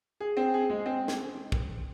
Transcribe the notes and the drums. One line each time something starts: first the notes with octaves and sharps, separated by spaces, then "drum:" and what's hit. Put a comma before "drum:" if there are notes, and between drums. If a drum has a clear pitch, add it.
G#4
C4
G#4
G#3
C4
drum: snare
drum: kick